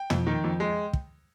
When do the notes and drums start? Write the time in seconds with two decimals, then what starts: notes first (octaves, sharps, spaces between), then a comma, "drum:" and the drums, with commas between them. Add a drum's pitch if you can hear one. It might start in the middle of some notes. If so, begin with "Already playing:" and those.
Already playing: G5
0.10 F2, drum: tom
0.27 D#3
0.44 F2
0.60 G#3
0.93 drum: kick